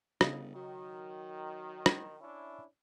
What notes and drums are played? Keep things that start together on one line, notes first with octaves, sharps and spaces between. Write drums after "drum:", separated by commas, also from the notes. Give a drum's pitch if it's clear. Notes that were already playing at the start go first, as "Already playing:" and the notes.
G1 C#3 D#4, drum: rim click
D#3 F#3
drum: rim click
C#4 D4 E4